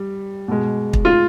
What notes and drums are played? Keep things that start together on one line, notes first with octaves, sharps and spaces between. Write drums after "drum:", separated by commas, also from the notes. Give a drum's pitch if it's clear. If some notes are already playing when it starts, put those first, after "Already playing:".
Already playing: G3
B2 G#3
drum: kick
F4